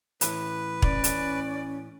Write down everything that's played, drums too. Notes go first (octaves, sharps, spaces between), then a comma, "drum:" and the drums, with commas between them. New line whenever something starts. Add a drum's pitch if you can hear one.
A2 E3 B4, drum: hi-hat
C#4 D5, drum: kick
drum: hi-hat